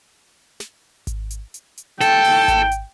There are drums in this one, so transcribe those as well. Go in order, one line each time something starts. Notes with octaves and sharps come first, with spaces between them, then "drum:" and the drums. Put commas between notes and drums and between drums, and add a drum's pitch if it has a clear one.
drum: snare
drum: kick G#1, hi-hat
drum: hi-hat
drum: hi-hat
drum: hi-hat
A4 G5, drum: snare
drum: open hi-hat
drum: kick G#1, hi-hat
drum: hi-hat